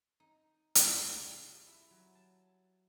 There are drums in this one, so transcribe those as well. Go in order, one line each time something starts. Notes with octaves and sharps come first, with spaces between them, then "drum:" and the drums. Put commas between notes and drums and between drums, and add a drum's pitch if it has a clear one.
D#4
F4, drum: hi-hat
C#3
G3
A5
E4
F#3
A5